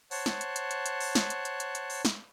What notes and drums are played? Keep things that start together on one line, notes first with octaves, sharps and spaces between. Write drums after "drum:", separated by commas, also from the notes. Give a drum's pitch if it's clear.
C5 C#5 F#5 A5, drum: open hi-hat
drum: snare
drum: hi-hat
drum: hi-hat
drum: hi-hat
drum: hi-hat
drum: open hi-hat
drum: snare
drum: hi-hat
drum: hi-hat
drum: hi-hat
drum: hi-hat
drum: open hi-hat
drum: snare